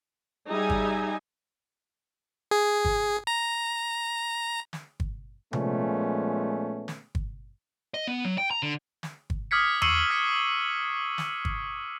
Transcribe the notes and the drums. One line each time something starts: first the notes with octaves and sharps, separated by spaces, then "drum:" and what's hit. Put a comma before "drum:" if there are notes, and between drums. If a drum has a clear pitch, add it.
G3 D#4 G#4 E5 G#5
drum: kick
G#4
drum: kick
A#5
drum: snare
drum: kick
A#2 F3 G#3 A3 B3 C#4, drum: tom C3
drum: snare
drum: kick
D#5
B3
F#3
G5
A#5
D3
drum: snare
drum: kick
D6 D#6 F6 G#6 B6 C#7
C#6 E6 C7 C#7 D#7 F#7, drum: tom E2
F6 B6 C#7
drum: snare
drum: kick